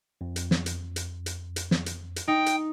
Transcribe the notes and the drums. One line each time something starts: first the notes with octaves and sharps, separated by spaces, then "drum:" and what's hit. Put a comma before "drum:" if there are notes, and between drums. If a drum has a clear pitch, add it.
F2
drum: hi-hat
drum: snare
drum: hi-hat
drum: hi-hat
drum: hi-hat
drum: hi-hat
drum: snare
drum: hi-hat
drum: hi-hat
D#4 G5
drum: hi-hat